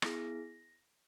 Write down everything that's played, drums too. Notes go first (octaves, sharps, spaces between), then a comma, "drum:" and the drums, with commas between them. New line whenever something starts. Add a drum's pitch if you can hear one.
B3 E4 G#4 A#6, drum: rim click